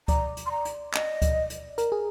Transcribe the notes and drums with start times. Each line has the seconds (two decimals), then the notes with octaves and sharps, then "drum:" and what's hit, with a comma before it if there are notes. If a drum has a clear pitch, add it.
0.08 D5 A#5, drum: kick C#2, hi-hat
0.37 drum: hi-hat
0.46 C6
0.51 A#5
0.65 drum: hi-hat
0.94 D#5, drum: clap
1.22 drum: kick C#2, hi-hat
1.50 drum: hi-hat
1.78 A#4, drum: hi-hat
1.92 G#4